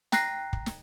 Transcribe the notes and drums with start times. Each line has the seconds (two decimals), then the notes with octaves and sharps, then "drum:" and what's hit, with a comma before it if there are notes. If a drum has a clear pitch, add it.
0.12 G5 A#5 F#6 A#6 C7, drum: snare
0.53 drum: kick
0.66 drum: snare